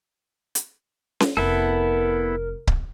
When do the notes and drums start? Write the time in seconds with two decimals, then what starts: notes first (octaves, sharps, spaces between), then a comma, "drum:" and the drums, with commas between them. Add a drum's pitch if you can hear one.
0.55 drum: hi-hat
1.20 drum: snare C#4
1.37 F1 B3 E4 A4 A#4
2.67 drum: kick C#1